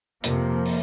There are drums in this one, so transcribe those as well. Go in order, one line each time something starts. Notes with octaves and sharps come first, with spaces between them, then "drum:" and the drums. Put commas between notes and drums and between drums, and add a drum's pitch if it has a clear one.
F2 C3 F3 A#3, drum: hi-hat
drum: open hi-hat